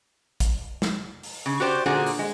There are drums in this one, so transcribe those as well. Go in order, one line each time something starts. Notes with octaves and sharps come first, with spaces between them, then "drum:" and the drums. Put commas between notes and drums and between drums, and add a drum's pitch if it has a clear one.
drum: kick A1, hi-hat
drum: snare
drum: open hi-hat
C#3
F#4 G4 C5 D5
A#2 D3 F#4 G#4 C5
drum: open hi-hat
G#3